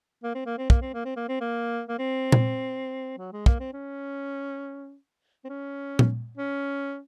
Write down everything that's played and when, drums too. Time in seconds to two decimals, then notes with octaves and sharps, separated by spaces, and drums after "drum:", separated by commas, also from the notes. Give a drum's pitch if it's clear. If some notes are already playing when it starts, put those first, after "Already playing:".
0.23 A#3
0.35 C4
0.46 A#3
0.58 C4
0.70 A#3, drum: kick
0.81 C4
0.94 A#3
1.05 C4
1.16 A#3
1.28 C4
1.41 A#3
1.88 A#3
1.98 C4
2.32 drum: tom A#2
3.18 F#3
3.32 G#3
3.46 A#3, drum: kick
3.59 C4
3.73 C#4
5.44 C4
5.49 C#4
5.99 drum: tom A#2
6.37 C#4